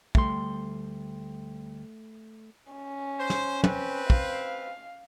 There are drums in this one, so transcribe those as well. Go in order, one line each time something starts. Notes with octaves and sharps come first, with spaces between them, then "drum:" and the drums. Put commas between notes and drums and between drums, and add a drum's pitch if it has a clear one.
D2 G3 A3 C6, drum: kick
C#4
C5
drum: snare
C4 B4, drum: tom
F5, drum: kick